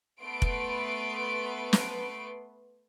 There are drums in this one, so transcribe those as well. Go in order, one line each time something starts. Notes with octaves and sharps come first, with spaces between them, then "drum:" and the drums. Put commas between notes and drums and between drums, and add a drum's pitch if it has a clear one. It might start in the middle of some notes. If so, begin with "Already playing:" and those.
A3 B3 B4 C6 D7
drum: kick F1
drum: snare